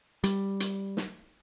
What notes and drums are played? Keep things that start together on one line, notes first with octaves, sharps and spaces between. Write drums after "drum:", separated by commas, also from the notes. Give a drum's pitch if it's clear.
G3, drum: hi-hat
drum: hi-hat
drum: snare